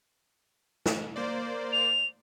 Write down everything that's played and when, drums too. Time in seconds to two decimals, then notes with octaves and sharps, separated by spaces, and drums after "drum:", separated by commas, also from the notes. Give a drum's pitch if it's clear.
0.86 drum: snare
1.16 A#3 C5 D5
1.73 F7